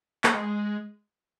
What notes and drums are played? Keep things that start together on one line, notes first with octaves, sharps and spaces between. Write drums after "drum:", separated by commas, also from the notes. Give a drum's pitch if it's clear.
A#3, drum: clap
G#3